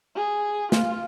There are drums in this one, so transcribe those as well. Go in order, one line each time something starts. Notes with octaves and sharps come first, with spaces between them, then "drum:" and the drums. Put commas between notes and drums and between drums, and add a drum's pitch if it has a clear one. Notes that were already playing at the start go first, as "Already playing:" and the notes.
G#4
F4, drum: snare